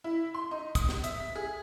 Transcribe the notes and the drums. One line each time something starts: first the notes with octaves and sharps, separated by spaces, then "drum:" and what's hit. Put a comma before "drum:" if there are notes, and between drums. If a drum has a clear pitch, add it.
E4
C6
D#4
D#6, drum: kick, hi-hat
drum: snare
E5, drum: hi-hat
B6
G#4